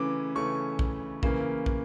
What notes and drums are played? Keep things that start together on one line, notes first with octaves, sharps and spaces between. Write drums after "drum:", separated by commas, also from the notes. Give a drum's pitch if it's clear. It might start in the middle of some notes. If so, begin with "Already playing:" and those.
Already playing: C#3 E3 A3 C#4 D6
C#3 E3 A3 C#4 C#6
drum: kick
C#3 E3 A#3, drum: kick
drum: kick